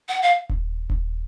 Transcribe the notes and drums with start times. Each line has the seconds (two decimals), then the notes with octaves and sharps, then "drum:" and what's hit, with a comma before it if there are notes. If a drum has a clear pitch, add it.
0.09 F#5
0.23 F5
0.49 drum: kick D#1
0.90 drum: kick D#1